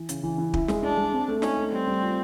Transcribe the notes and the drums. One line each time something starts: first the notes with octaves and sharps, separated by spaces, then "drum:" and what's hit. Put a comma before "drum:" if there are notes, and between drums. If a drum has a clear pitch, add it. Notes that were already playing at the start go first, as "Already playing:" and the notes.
Already playing: E3
C#3, drum: hi-hat
E3
E3
E4, drum: kick
G#3, drum: snare
G#3 D4
G#3
C4
A3
C#4 D#4, drum: snare
A3
G3 C4
G3
F4